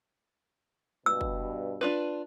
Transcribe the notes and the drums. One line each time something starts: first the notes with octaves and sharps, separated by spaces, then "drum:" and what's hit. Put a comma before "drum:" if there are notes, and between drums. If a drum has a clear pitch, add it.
G2 B2 E6
drum: kick
D4 F4 B4